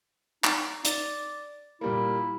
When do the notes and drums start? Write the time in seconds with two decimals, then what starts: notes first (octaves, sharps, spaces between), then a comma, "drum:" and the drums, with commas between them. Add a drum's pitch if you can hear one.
0.44 D#4, drum: clap
0.85 D5, drum: hi-hat
1.81 A#2 G3 A#3 E4